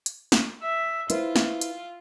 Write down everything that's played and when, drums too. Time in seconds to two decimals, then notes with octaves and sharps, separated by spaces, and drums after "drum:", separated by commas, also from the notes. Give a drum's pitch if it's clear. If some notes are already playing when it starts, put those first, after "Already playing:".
0.06 drum: hi-hat
0.32 drum: snare
0.62 E5
1.10 E4 F4 B4 C5, drum: hi-hat
1.36 drum: snare
1.62 drum: hi-hat